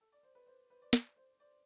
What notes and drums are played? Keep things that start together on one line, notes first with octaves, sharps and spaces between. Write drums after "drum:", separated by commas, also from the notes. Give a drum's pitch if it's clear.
A4
D5
C5
B4
C5
B4
D5
D5, drum: snare
C5
D5